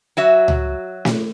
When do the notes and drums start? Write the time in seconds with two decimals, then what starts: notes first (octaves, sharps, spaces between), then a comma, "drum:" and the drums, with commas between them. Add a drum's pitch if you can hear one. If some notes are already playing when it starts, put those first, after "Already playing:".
0.17 F#3 F#4 E5
0.48 drum: tom C#2
1.05 drum: snare